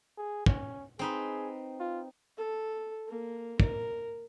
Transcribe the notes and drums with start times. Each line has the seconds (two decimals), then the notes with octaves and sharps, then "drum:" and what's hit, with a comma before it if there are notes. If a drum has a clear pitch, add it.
0.18 G#4
0.46 C#4, drum: kick
0.99 C4 D#4 G#4 B4
1.80 F4
2.37 A4
3.08 A#3
3.60 A#4, drum: kick